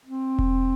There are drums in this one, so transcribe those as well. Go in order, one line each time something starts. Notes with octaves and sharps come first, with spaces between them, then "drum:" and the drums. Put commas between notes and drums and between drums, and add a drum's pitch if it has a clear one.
C4
drum: kick E1